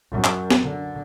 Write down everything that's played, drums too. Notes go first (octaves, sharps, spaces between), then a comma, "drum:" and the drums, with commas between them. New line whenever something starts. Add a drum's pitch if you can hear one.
F#2
drum: clap
drum: snare
D3